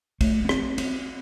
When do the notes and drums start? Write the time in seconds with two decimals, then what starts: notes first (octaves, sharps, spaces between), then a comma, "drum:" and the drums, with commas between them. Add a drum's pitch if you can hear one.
0.21 A3, drum: kick, cymbal
0.45 B3
0.49 C4, drum: rim click
0.78 C4, drum: cymbal